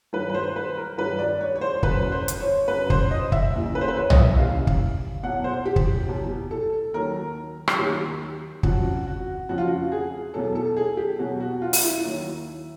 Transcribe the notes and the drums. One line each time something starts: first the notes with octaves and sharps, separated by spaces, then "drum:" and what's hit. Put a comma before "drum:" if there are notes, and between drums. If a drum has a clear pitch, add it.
G2 D#3 F#3 B4
B4
C5
B4
A#4
G2 D#3 F#3 B4
D5
C#5
C#5
C5
F#2 C#3 F#3 B4, drum: kick
C5
drum: hi-hat
C#5
F#2 C#3 F#3 B4
C5, drum: kick
D#5
E5, drum: kick
D#2 C#3 E3 G3
B4
C5
B4
C#5
D#5, drum: tom B1
E5
D#2 C#3 E3 G3 F5
drum: kick
E2 B2 F#3 F#5
C5
G4
drum: kick
G4
E2 B2 F#3
A4
D#2 D#3 F#3 A#4
drum: rim click
D#2 D#3 F#3 G4
F2 C#3 F3 F#4, drum: kick
F#4
F2 C#3 F3 F#4
F4
F#4
G#4
E2 B2 F#3 A4
A4
G#4
G4
E2 B2 F#3 F#4
F#4
F4
drum: open hi-hat
E4
D#2 D#3 F#3